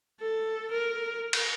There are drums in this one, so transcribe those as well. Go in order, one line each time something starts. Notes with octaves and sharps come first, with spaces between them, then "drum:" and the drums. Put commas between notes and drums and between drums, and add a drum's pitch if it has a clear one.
A4
A#4
drum: cymbal